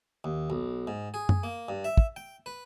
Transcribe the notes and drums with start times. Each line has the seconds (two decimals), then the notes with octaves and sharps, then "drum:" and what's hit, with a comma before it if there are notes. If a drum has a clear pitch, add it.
0.24 D#2
0.50 B1
0.87 G#2
1.14 G#4
1.29 drum: tom F#2
1.43 A#3
1.69 G2
1.84 E5
1.97 drum: kick
2.16 G5
2.46 B4